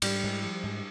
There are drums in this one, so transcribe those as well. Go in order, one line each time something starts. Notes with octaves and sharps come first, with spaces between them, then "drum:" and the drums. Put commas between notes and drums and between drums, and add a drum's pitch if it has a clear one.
G#2 G3, drum: cymbal
G#2
F3
G#2